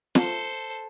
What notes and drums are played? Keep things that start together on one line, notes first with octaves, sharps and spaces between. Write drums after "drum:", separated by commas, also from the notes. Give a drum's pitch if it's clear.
A4 C5, drum: snare